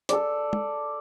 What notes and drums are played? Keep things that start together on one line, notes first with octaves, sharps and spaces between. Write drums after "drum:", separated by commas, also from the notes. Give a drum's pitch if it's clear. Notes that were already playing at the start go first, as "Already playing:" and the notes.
A4 D5, drum: hi-hat
drum: tom